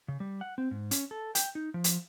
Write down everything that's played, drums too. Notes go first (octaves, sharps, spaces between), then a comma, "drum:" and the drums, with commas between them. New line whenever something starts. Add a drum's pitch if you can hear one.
C#3
G3
F#5
C4
G#2
C#4, drum: hi-hat
A4
G5, drum: hi-hat
D#4
F3
drum: hi-hat